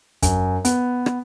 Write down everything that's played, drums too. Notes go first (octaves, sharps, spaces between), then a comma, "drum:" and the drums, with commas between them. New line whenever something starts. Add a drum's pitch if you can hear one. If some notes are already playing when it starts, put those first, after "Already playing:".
F#2, drum: kick, hi-hat
B3, drum: hi-hat
drum: rim click